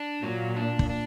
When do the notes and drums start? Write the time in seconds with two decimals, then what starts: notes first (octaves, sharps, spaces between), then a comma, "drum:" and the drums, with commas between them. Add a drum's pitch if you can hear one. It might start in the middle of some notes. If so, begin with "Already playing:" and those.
Already playing: D4
0.22 A#2 F#3
0.56 D4
0.79 drum: kick
0.90 D4